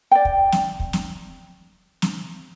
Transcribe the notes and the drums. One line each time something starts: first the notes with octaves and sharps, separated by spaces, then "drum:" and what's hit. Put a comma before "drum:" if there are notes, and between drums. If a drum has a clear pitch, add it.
D5 G5
drum: kick
drum: snare
drum: kick
drum: snare
drum: snare